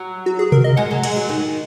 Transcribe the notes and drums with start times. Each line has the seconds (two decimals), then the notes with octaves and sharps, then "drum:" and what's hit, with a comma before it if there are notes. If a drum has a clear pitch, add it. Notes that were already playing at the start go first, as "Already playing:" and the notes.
Already playing: F#3
0.26 F#4
0.39 G#4
0.52 A#4, drum: tom B2
0.64 D#5
0.77 G#3 F#5
0.91 F#3
1.03 G#3, drum: cymbal
1.16 F#3
1.29 D#3